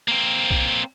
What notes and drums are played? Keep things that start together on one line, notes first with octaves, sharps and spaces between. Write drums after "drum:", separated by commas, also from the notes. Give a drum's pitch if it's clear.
A#3 C4
drum: kick B1